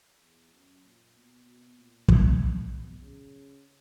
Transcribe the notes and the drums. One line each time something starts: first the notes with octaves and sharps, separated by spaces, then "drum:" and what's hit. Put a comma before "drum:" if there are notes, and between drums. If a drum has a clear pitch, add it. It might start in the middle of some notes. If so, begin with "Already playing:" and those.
E2
F#2
A#2
B2
B2
A#2
A#2, drum: kick
B2
C#3